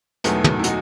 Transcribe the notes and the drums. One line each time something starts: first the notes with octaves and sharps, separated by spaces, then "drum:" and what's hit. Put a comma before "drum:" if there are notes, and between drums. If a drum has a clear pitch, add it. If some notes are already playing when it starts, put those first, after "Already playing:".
E1 E2 D#3 F#3 A3 B3, drum: hi-hat
drum: tom
E4
D#4 F#4, drum: hi-hat